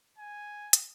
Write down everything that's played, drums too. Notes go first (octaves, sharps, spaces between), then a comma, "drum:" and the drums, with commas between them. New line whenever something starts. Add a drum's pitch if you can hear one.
G#5
drum: hi-hat